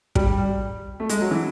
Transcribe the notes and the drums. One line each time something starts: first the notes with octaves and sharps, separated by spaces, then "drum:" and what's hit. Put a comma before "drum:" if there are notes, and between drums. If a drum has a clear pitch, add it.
G3, drum: kick
A3
G#3, drum: hi-hat
F#3
E3